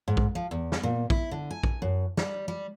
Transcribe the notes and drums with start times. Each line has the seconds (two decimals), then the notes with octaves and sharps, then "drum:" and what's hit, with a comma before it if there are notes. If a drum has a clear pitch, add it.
0.08 G#2
0.17 drum: kick A#1
0.35 F3
0.51 E2
0.72 drum: snare
0.83 A#2
1.10 E4, drum: kick A#1
1.31 D3
1.51 G#5
1.64 drum: kick A#1
1.82 F#2
2.17 G3, drum: snare
2.48 G3